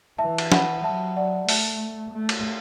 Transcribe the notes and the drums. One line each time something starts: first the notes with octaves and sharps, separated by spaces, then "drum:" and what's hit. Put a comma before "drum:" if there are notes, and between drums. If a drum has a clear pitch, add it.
E3 E5 A5
drum: cymbal
F#5 B5, drum: snare
F#3 E5 A5
D5 F#5
A3 E5 A5, drum: open hi-hat
A3
drum: cymbal